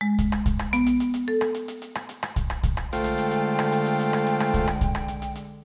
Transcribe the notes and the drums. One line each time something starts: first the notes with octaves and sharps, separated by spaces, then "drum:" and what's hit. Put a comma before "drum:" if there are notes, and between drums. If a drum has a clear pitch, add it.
G#3
drum: kick B1, hi-hat
drum: rim click
drum: kick B1, hi-hat
drum: rim click
B3, drum: hi-hat
drum: hi-hat
drum: hi-hat
drum: hi-hat
A4
drum: rim click
drum: hi-hat
drum: hi-hat
drum: hi-hat
drum: rim click
drum: hi-hat
drum: rim click
drum: kick B1, hi-hat
drum: rim click
drum: kick B1, hi-hat
drum: rim click
D3 G#3 A3 F4 C5 G5, drum: hi-hat
drum: hi-hat
drum: hi-hat
drum: hi-hat
drum: rim click
drum: hi-hat
drum: hi-hat
drum: hi-hat
drum: rim click
drum: hi-hat
drum: rim click
drum: kick B1, hi-hat
drum: rim click
drum: kick B1, hi-hat
drum: rim click
drum: hi-hat
drum: hi-hat
drum: hi-hat